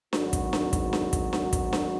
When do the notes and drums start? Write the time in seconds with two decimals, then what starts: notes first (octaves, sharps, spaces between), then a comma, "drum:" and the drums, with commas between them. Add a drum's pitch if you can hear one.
0.13 G#1 G#2 F#3 B3 F#4, drum: snare D4
0.33 drum: kick, hi-hat
0.53 drum: snare D4
0.73 drum: kick, hi-hat
0.93 drum: snare D4
1.13 drum: kick, hi-hat
1.33 drum: snare D4
1.53 drum: kick, hi-hat
1.73 drum: snare D4